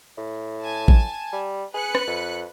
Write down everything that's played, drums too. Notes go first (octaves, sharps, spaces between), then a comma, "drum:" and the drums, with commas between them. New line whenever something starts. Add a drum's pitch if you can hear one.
A2
G#5 A5
drum: kick A1
G3
G#4 B4 F#6 C#7
drum: rim click
F2